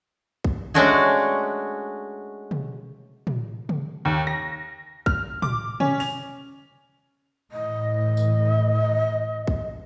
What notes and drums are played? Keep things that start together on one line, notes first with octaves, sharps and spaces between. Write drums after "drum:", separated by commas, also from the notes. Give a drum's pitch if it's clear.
drum: kick
G#3 A3 C#4 D4 F#4 G#4
drum: tom
drum: tom
drum: tom
D#2
A#6
F6, drum: kick
D6, drum: tom
C#4, drum: tom
F7, drum: open hi-hat
A2 E3 D#5
drum: tambourine
drum: kick